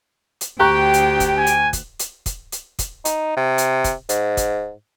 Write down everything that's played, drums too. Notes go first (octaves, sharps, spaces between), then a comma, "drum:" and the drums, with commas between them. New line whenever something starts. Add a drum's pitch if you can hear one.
drum: hi-hat
D2 G4 G5 A#5 C#6 F#6
drum: hi-hat
drum: kick, hi-hat
G#5
drum: hi-hat
drum: kick, hi-hat
drum: hi-hat
drum: kick, hi-hat
drum: hi-hat
drum: kick, hi-hat
D#4, drum: hi-hat
C3
drum: hi-hat
drum: kick, hi-hat
G#2, drum: hi-hat
drum: kick, hi-hat